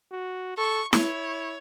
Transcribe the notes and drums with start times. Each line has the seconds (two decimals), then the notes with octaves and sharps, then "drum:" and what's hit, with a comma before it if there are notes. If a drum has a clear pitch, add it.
0.12 F#4
0.58 A4 C#6
0.93 E4 C#5, drum: snare E4